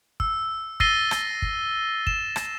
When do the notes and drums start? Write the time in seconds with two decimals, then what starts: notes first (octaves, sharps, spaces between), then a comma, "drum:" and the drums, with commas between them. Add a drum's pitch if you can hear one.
0.20 E6, drum: kick
0.80 E6 A6 A#6 C7 D#7 G7, drum: kick
1.11 drum: rim click
1.42 drum: kick
2.07 E7, drum: kick
2.36 drum: rim click